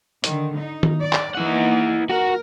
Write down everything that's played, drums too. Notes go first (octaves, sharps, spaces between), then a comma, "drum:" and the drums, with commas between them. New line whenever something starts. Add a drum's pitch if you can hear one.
D3 D#3, drum: hi-hat
D#4
drum: tom D#3
D5
drum: clap
E3 A#3 D#4 E4 F#5
F#4 A#4 F#5